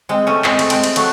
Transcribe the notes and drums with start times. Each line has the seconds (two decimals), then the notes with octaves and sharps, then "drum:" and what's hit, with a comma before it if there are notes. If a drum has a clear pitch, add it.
0.09 G#3 C4
0.27 A3 C#4
0.44 G#3 C4, drum: clap
0.59 A3, drum: cymbal
0.70 G#3 C4, drum: cymbal
0.84 drum: cymbal
0.96 F#3 A3, drum: cymbal